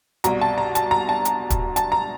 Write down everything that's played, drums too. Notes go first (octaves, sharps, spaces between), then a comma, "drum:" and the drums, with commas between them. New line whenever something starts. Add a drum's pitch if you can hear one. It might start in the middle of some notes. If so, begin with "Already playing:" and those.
C2 B2 A#5, drum: hi-hat
A5
A#5
A5, drum: hi-hat
A#5
A5
drum: hi-hat
drum: kick, hi-hat
A5, drum: hi-hat
A#5